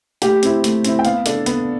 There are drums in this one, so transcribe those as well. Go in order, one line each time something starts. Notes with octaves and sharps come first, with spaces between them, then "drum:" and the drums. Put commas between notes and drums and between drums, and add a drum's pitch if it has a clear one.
A3 G4, drum: hi-hat
C4 E4, drum: hi-hat
A3, drum: hi-hat
C4 E4, drum: hi-hat
G5
B3 F5, drum: hi-hat
D4 A4, drum: hi-hat
B3, drum: hi-hat